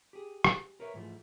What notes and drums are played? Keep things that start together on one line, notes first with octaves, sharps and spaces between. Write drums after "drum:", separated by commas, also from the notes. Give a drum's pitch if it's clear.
G4 G#4
drum: rim click
A#4 B4 C#5 D#5 E5
G#2 E3 F3 A3